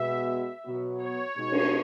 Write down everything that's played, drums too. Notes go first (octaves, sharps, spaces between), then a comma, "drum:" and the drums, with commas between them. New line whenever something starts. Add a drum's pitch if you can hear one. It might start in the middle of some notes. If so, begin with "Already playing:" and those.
Already playing: B2 G#3 B3 F#4 E5
B2 F#3 B3 F#4
C#5
B2 G#3 D#4 F#4
drum: cymbal